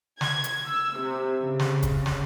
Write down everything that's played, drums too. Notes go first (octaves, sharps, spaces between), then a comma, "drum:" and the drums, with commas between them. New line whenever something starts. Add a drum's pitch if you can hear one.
G#6, drum: snare
drum: hi-hat
E6
C3
C#3
drum: snare
drum: kick, hi-hat
drum: snare